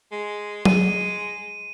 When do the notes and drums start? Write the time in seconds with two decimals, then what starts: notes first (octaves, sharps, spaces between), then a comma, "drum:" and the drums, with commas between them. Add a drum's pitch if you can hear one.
0.12 G#3
0.65 G#3 D#7, drum: tom F#3